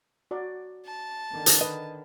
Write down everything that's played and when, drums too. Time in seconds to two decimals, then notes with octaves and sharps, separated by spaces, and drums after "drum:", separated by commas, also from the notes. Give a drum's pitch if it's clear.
0.31 F#4 D5 A#5
0.86 A5
1.32 D3 D#3
1.46 drum: hi-hat
1.61 B4 D#5